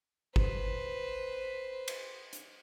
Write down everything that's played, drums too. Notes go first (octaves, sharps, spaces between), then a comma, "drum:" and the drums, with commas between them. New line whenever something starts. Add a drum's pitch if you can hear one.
B4 C5, drum: kick G1
drum: cymbal
drum: hi-hat